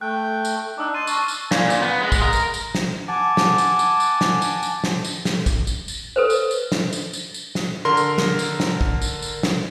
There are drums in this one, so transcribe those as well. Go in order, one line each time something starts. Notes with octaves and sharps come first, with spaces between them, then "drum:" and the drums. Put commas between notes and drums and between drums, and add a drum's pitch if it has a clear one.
A3 G5 F#6
drum: tambourine
D4 D#4 D6 E6 F#6
A5 C6 D#7
C#6 F6, drum: tambourine
drum: tambourine
A#2, drum: snare
drum: tambourine
B3
G#3
drum: kick, tambourine
A#4
drum: tambourine
drum: tambourine
drum: snare
F#5 G#5 A5 D6
drum: snare
drum: tambourine
drum: tambourine
drum: tambourine
drum: snare
drum: tambourine
drum: tambourine
drum: snare
drum: tambourine
drum: snare
drum: kick, tambourine
drum: tambourine
drum: tambourine
A4 B4 C5
drum: tambourine
drum: tambourine
drum: snare
drum: tambourine
drum: tambourine
drum: tambourine
drum: snare
D3 A#4 C6
drum: tambourine
drum: snare
drum: tambourine
drum: snare
drum: kick
drum: tambourine
drum: tambourine
drum: snare